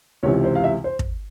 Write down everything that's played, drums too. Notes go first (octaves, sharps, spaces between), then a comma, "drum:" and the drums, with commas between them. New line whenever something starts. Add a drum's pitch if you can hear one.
C#2 C3 E3 C#5
C5
F5
E5
C5
drum: kick